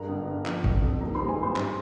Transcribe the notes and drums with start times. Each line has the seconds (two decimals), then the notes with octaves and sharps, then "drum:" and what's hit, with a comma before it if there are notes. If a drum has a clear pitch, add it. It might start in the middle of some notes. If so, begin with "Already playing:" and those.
Already playing: G2 G#3 A#4 A#5
0.09 G1
0.28 G1
0.46 F3, drum: clap
0.64 F1, drum: kick
0.83 F2
1.01 D#2 A#4 A#5
1.15 G3 C5 C6
1.28 G#4 G#5
1.39 G3 C5 C6
1.56 G2, drum: clap